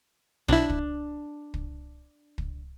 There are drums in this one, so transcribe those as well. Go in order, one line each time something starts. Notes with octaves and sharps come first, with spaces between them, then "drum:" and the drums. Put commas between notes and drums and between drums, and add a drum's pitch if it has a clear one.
B1 D4 E4
drum: kick
drum: kick
drum: kick